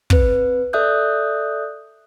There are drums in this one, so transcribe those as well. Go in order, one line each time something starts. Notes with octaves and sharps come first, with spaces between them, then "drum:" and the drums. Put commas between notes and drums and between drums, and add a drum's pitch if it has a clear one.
C4 B4, drum: kick
A4 D5 E5 D#6 F#6 G6